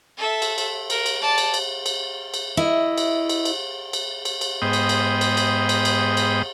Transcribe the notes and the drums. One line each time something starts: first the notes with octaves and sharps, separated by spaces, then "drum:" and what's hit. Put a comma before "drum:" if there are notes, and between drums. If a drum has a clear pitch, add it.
A4 E5
drum: cymbal
drum: cymbal
A#4, drum: cymbal
drum: cymbal
D5 A5
drum: cymbal
drum: cymbal
drum: cymbal
drum: cymbal
E4 D#5
drum: cymbal
drum: cymbal
drum: cymbal
drum: cymbal
drum: cymbal
drum: cymbal
G#2 B3 C5 D#5 G5
drum: cymbal
drum: cymbal
drum: cymbal
drum: cymbal
drum: cymbal
drum: cymbal
drum: cymbal